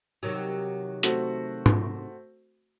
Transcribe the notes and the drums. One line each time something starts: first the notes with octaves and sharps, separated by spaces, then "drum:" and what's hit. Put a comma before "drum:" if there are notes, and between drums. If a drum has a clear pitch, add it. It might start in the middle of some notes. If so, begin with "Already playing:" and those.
C3 D#3 F#3
A3 C4 F#4, drum: hi-hat
drum: tom